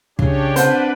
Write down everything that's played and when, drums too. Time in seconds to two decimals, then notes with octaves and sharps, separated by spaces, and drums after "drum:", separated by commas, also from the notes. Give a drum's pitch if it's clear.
0.19 C#3 D4 G4 C#5, drum: kick
0.56 C4 D4 B4 C5 F#5 A5, drum: hi-hat